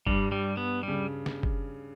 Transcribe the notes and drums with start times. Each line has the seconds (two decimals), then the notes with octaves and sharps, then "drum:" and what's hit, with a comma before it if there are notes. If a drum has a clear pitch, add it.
0.07 G2 G3, drum: kick F#1
0.32 G3
0.57 B3
0.83 C#3 G3
1.26 drum: snare
1.43 drum: kick F#1